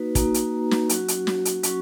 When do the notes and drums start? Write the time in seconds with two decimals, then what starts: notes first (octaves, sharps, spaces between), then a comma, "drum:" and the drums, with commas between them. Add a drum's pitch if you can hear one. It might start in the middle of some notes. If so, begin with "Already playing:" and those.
Already playing: A#3 D#4 F#4 B4
0.15 A#3 D#4 F#4 A#5, drum: kick, hi-hat
0.34 drum: hi-hat
0.71 drum: snare
0.89 F#3 C#4 F#4, drum: hi-hat
1.08 drum: hi-hat
1.27 drum: snare
1.45 drum: hi-hat
1.63 F#3 C#4 F#4 C#6, drum: hi-hat